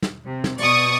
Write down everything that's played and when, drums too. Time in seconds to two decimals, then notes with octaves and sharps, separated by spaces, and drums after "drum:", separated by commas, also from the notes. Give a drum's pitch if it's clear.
0.02 drum: snare
0.25 C3
0.44 drum: snare
0.58 B2 D5 C#6 D#6, drum: hi-hat